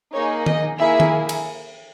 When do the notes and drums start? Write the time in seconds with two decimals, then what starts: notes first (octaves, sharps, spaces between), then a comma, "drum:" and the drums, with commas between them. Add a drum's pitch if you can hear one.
0.13 A#3 D#4 G#4 C#5
0.46 D#5, drum: tom D#3
0.78 A#3 E4 G#4 E5
1.00 drum: tom D#3
1.29 drum: cymbal